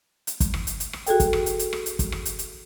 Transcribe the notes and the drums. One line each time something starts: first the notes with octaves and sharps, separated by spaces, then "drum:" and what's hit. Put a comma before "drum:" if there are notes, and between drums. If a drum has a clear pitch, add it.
drum: hi-hat
drum: kick, hi-hat
drum: rim click
drum: hi-hat
drum: hi-hat
drum: rim click
F#4 G#4 A4 G5, drum: hi-hat
drum: kick, hi-hat
drum: rim click
drum: hi-hat
drum: hi-hat
drum: rim click
drum: hi-hat
drum: kick, hi-hat
drum: rim click
drum: hi-hat
drum: hi-hat